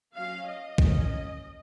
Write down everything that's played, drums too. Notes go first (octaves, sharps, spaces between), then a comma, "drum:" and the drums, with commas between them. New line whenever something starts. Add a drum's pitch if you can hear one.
F#3 C#4 F5
D#5
F#3 A#3 C#4, drum: kick